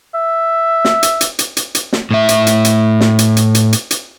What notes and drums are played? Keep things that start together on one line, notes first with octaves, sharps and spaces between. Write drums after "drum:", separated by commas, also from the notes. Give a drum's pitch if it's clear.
E5
drum: snare
drum: hi-hat
drum: hi-hat
drum: hi-hat
drum: hi-hat
drum: hi-hat
drum: snare
A2 E5
drum: hi-hat
drum: hi-hat
drum: hi-hat
drum: snare
drum: hi-hat
drum: hi-hat
drum: hi-hat
drum: hi-hat
drum: hi-hat